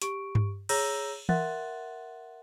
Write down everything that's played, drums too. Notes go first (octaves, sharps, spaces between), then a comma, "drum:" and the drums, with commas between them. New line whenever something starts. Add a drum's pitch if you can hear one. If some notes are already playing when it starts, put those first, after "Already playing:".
G4 C#6 D7, drum: hi-hat
drum: tom G2
G#4 C#5 A#5 E6 G6 A#6, drum: cymbal
A#4 E5 F#5 C6 F#6 A6, drum: tom E3